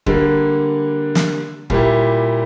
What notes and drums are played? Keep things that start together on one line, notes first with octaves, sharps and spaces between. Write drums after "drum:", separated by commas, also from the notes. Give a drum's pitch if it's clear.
D3 G3 A#3, drum: kick
drum: snare
A#2 G3 A#3 E4 G4, drum: kick